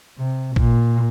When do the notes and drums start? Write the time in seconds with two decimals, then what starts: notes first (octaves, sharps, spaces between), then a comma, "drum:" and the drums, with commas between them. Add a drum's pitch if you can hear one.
0.17 C3
0.56 A#2, drum: kick